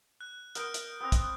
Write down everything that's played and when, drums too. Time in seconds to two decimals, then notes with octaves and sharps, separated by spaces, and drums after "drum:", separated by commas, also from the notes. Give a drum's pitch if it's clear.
0.21 F#6
0.55 B3 A#4 F6 G6 D7, drum: hi-hat
0.74 drum: hi-hat
1.00 B3 C4 A#5
1.12 drum: kick, hi-hat